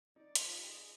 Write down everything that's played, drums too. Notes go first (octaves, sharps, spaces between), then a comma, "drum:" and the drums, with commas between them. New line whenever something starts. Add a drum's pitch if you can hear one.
D#4 D5
drum: hi-hat
F4 D#5
G4
G#4